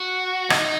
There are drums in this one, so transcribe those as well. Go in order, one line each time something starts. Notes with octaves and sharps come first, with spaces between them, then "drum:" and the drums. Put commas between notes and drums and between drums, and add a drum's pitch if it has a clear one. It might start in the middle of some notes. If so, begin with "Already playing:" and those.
Already playing: F#4
D#4, drum: rim click